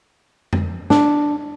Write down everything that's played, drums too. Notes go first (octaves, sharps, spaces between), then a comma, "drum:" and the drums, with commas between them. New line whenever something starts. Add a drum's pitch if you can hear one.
drum: tom F2
D4, drum: snare